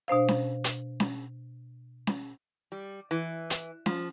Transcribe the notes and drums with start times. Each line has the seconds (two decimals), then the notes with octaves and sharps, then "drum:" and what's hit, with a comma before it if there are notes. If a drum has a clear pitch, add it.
0.08 B2 D4 C5 F5
0.28 drum: snare C#4
0.64 drum: hi-hat
1.00 drum: snare C#4
2.07 drum: snare C#4
2.72 G3
3.11 E3
3.50 drum: hi-hat
3.86 F3, drum: snare C#4